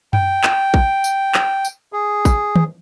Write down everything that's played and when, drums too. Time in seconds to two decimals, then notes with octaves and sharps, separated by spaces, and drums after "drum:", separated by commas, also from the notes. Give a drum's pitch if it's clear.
0.13 G5, drum: tom F#2
0.43 drum: clap
0.74 drum: kick
1.04 drum: tambourine
1.34 drum: clap
1.65 drum: tambourine
1.93 G#4
2.25 drum: kick, tambourine
2.56 drum: tom D#3